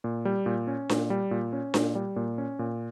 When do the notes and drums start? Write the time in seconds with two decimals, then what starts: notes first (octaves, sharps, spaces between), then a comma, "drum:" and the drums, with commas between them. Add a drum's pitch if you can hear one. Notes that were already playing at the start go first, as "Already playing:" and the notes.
0.04 A#2
0.25 G3
0.46 A#2
0.67 C#4
0.89 A#2, drum: snare D4
1.10 G3
1.31 A#2
1.53 C#4
1.74 A#2, drum: snare D4
1.95 G3
2.16 A#2
2.38 C#4
2.59 A#2